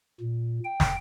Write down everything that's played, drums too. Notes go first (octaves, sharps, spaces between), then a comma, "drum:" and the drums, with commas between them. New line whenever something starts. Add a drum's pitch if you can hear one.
A#2
G5
drum: snare